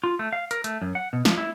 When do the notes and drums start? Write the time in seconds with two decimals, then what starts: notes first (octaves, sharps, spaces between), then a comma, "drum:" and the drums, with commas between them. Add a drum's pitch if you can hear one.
0.04 F4
0.19 A3
0.33 F5
0.51 A#4, drum: hi-hat
0.64 A3, drum: hi-hat
0.82 F#2
0.95 F#5
1.13 B2
1.25 F3, drum: snare
1.38 E4